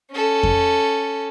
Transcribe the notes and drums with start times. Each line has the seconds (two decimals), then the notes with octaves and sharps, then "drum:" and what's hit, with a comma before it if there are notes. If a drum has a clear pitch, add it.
0.12 C#4 A4
0.43 drum: kick F2